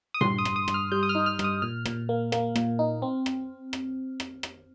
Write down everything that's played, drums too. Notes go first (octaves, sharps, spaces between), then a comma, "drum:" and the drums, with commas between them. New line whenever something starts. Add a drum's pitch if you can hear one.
D#6
G2 C6, drum: tom A#2
D#6
G2, drum: rim click
D#6
G2, drum: rim click
F6
G3 G6
D#6
F6
D#4
F6
G2, drum: rim click
D#6
A#2 F6
A#2, drum: rim click
A#3
A#3, drum: rim click
A#2, drum: rim click
D#4
C4
drum: rim click
drum: rim click
drum: rim click
drum: rim click